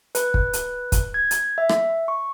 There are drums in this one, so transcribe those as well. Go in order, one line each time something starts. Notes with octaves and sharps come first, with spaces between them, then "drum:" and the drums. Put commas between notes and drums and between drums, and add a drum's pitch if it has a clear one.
B4, drum: hi-hat
drum: kick
drum: hi-hat
drum: kick, hi-hat
G#6
drum: hi-hat
E5
drum: rim click
C#6